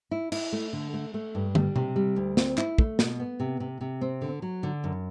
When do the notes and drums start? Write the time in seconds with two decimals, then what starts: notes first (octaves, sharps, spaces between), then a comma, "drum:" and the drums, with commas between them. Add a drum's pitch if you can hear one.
0.11 E4
0.32 E4, drum: cymbal
0.52 A3
0.73 D3
0.94 A3
1.14 A3
1.35 G2
1.55 G3, drum: tom
1.76 C3, drum: tom B2
1.96 G3
2.16 D2
2.37 C4, drum: snare
2.58 E4, drum: clap
2.78 A3, drum: kick
2.99 B2, drum: snare
3.20 B3
3.40 C3
3.60 C3
3.81 C3
4.01 C4
4.22 D3
4.42 F#3
4.63 D3
4.84 F#2